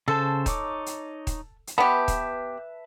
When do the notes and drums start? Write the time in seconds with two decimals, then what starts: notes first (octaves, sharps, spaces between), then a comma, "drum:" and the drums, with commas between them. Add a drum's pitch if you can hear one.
0.08 C#3 A4 C5 A5
0.46 D#4 C#5 D6, drum: kick D#1, hi-hat
0.86 drum: hi-hat
1.27 drum: kick D#1, hi-hat
1.67 drum: hi-hat
1.78 B3 G4 B4 E5 A5
2.08 drum: kick D#1, hi-hat